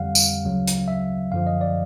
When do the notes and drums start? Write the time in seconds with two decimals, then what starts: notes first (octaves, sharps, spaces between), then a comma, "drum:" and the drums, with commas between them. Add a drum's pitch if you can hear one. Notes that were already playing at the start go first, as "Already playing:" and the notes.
Already playing: F2 D3 G3 F5 F#5
0.15 drum: tambourine
0.44 D2 C#3 F#3
0.68 drum: hi-hat
0.88 E5
1.32 F#2 D3 F3 F5
1.47 D#5
1.61 D5